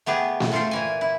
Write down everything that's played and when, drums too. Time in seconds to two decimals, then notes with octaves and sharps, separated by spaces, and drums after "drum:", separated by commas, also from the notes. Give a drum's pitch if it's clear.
0.06 A3 B3 G4 G#4
0.40 drum: snare A3
0.51 A3 F4 A4 A#4 C5
0.71 A#2 E3 G#5
1.01 E4